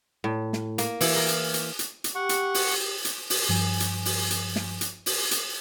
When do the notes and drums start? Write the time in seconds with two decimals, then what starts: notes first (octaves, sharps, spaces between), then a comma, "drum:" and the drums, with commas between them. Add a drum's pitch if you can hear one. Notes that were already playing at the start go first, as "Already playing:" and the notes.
0.24 A2
0.53 drum: snare
0.78 A#3, drum: hi-hat
1.01 E3, drum: open hi-hat
1.16 A#4
1.29 drum: hi-hat
1.54 drum: hi-hat
1.79 drum: hi-hat
2.04 drum: hi-hat
2.15 G4 F#5 C#6
2.29 drum: hi-hat
2.54 drum: open hi-hat
3.05 drum: hi-hat
3.30 drum: open hi-hat
3.49 G2 F3 G#5
3.80 drum: hi-hat
4.05 drum: open hi-hat
4.31 drum: hi-hat
4.56 drum: snare
4.81 drum: hi-hat
5.06 drum: open hi-hat
5.31 drum: hi-hat